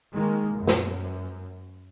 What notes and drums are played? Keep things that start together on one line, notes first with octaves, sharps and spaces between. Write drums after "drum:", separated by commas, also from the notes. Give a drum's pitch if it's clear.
D#3 G#3 A#3
F#2
drum: snare